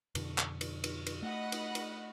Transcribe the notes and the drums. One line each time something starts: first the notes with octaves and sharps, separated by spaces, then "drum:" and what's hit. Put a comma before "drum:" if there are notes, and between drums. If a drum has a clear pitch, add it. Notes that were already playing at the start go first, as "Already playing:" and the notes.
F2 B2 D3, drum: cymbal
drum: clap
drum: cymbal
drum: cymbal
drum: cymbal
A3 D#5 F#5 B5
drum: cymbal
drum: cymbal